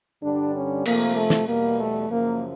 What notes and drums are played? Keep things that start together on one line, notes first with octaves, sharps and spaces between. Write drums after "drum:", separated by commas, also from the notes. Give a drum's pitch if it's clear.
G2 D3 G3 D4
C#4
C3 F3 A3 A#3, drum: cymbal
A3
drum: snare
E2 B2 G3 A#3
A3
F#2 C#3 F3 A#3